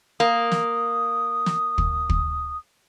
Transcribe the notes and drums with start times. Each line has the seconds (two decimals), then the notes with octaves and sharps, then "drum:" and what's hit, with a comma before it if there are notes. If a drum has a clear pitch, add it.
0.20 A#3 D#6
0.52 drum: snare
1.46 drum: snare
1.78 drum: kick
2.09 drum: kick